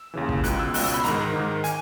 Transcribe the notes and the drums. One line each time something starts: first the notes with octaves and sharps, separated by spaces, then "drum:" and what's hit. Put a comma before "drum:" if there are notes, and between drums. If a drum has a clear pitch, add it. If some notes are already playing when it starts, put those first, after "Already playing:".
Already playing: E6
D#2 C#3 E3
drum: kick
C#2 B2 F#6, drum: hi-hat
E6
C#2 B2 F#6, drum: open hi-hat
E6
B5
G#2 D#3 A#5, drum: hi-hat
G#2 D#3
G#5, drum: hi-hat